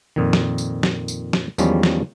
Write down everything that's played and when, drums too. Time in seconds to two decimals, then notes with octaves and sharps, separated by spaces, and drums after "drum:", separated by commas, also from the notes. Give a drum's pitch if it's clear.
0.16 F2 A#2 D#3
0.33 drum: snare
0.58 drum: tambourine
0.83 drum: snare
1.08 drum: tambourine
1.33 drum: snare
1.58 E2 D#3 F3 G3 G#3 C#4, drum: tambourine
1.83 drum: snare